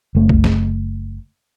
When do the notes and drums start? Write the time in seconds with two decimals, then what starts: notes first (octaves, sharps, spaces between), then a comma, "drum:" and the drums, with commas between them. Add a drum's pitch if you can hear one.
0.15 F#1 A3
0.29 drum: kick C2
0.44 drum: snare